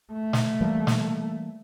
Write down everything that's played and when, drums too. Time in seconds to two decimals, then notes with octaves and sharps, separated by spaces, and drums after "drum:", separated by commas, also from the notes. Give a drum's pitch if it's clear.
0.13 A3
0.33 drum: snare
0.61 E3 G3 A#3
0.87 drum: snare